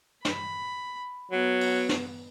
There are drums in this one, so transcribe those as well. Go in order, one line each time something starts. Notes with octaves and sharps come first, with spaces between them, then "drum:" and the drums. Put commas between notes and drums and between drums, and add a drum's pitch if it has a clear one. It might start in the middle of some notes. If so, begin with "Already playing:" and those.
B5, drum: snare
F#3 B3
drum: open hi-hat
drum: snare